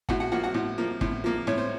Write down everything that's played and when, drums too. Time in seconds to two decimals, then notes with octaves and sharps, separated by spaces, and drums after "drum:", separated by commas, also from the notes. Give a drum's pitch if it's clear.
0.09 A2 F#4 F#5, drum: kick
0.20 F#4 F#5
0.32 F3 A#3 F#4 F#5
0.43 F#4 F#5
0.54 A2
0.78 F3 A#3
1.01 A2, drum: kick
1.24 F3 A#3
1.47 A2 C#5
1.58 C5